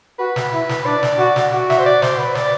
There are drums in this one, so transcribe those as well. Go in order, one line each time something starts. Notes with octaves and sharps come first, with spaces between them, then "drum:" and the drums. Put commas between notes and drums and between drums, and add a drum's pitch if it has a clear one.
F#4 B4
drum: snare
E4
drum: snare
D4 D5
drum: snare
F#4
drum: snare
F#4
E5, drum: snare
C5
D5
C5, drum: snare
B4
D5, drum: snare